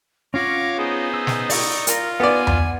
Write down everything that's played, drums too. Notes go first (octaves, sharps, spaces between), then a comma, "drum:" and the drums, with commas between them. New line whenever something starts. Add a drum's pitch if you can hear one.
C#4 F4 C#5 F5 F#5 D6 A#6
B3 D#4 G#4 C5
E6
drum: snare
D#4 D5 C#6 E6, drum: open hi-hat
F4 A#4, drum: hi-hat
B3 D5 F#5 G#5
drum: tom E2